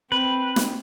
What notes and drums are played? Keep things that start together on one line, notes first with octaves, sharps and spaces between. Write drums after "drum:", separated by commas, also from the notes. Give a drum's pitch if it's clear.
C4 B4
drum: snare